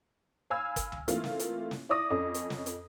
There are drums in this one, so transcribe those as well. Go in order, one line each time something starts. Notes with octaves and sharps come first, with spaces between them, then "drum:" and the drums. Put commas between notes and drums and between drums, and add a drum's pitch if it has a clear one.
F5 G#5 B5 E6 F6 G#6
drum: kick, hi-hat
drum: tom C#2
E3 A3 A#3 C4 E4 F4, drum: hi-hat
drum: snare
drum: hi-hat
drum: snare
E4 D5 D6 D#6 A#6
F2 C#4 A4 D#5
drum: hi-hat
drum: snare
drum: hi-hat